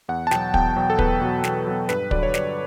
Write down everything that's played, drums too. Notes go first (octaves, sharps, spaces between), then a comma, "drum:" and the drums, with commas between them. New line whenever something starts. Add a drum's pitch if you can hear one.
E2 F#5
A5
B2 F#3 G5, drum: snare
E2 G5, drum: kick
B2 F#3
A4
E2 B4, drum: kick
B2 F#3
E2, drum: snare
B2 F#3
G2 B4, drum: snare
D3 F#3 D5, drum: kick
C#5
G2 D5, drum: snare